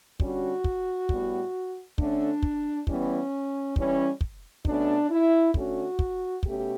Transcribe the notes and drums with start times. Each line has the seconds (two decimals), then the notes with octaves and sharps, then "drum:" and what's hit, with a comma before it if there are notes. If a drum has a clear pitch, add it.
0.20 D3 G3 C#4 F#4, drum: kick
0.64 drum: kick
1.09 A2 G3 B3, drum: kick
1.98 D3 A3 C#4 D4, drum: kick
2.43 drum: kick
2.87 E3 G3 B3 C#4, drum: kick
3.76 E3 G3 C#4, drum: kick
4.21 drum: kick
4.65 B2 A3 C#4 D4, drum: kick
5.10 E4
5.54 D3 A3 C#4 F#4, drum: kick
5.99 drum: kick
6.43 B2 A3 C#4 G4, drum: kick